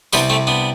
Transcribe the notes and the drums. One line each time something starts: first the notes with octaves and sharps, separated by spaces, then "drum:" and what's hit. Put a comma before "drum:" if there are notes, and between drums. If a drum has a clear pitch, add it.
C2 C3 G3 B3 D4, drum: tambourine
A3 C4
B3 D4